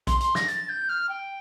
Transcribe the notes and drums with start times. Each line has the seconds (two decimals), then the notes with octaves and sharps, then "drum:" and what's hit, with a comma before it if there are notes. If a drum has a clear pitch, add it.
0.07 C6, drum: kick, hi-hat
0.20 C6, drum: hi-hat
0.35 A#6, drum: snare
0.48 A6, drum: hi-hat
0.69 G6
0.89 F6
1.09 G5